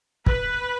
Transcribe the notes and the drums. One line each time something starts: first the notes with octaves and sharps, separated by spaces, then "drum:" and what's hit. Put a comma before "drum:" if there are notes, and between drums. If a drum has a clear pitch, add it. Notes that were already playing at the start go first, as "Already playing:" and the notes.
B4, drum: kick